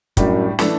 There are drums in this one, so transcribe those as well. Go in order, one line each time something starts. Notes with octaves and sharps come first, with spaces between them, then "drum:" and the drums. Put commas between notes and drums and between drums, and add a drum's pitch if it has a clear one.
F#2 A2 G3 D4 G4, drum: kick, hi-hat
E3 A3 D4 A4, drum: snare